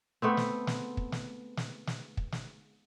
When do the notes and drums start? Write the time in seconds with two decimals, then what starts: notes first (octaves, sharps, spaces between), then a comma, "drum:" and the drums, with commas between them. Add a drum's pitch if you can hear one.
0.22 A3 B3 C4
0.37 drum: snare
0.67 drum: snare
0.97 drum: kick
1.12 drum: snare
1.57 drum: snare
1.87 drum: snare
2.17 drum: kick
2.32 drum: snare